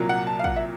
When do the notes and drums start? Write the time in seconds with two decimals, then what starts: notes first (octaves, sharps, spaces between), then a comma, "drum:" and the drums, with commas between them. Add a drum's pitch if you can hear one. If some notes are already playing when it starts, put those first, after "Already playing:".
Already playing: C2 A#2 F#3 A#3
0.09 F#5
0.27 A5
0.39 F5
0.44 F#5, drum: kick
0.56 E5